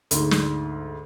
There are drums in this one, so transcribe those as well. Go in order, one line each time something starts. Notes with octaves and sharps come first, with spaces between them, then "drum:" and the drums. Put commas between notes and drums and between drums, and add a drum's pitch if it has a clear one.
D2 G#2, drum: hi-hat
drum: snare